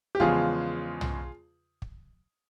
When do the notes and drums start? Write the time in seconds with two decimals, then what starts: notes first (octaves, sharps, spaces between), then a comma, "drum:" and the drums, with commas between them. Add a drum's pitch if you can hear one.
0.15 G4
0.20 E2 C#3 F3 G#3 F4 G#4, drum: kick
1.01 drum: tom
1.82 drum: kick